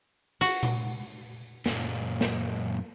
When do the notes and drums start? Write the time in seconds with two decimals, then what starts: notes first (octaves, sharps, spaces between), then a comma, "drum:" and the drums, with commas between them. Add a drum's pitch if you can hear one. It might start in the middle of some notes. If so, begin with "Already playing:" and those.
0.41 F#4, drum: open hi-hat
0.63 drum: tom A#2
1.66 F#2 A#2, drum: snare
2.21 drum: snare